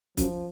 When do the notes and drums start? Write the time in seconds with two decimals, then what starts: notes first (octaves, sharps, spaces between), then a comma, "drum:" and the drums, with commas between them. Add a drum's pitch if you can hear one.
0.17 F#2 F3, drum: kick, hi-hat